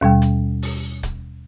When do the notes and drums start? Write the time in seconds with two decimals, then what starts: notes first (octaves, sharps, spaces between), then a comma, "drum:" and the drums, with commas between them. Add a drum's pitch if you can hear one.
0.01 D#2 B2 G3 G5
0.22 drum: hi-hat
0.62 drum: open hi-hat
1.03 drum: kick C#1, hi-hat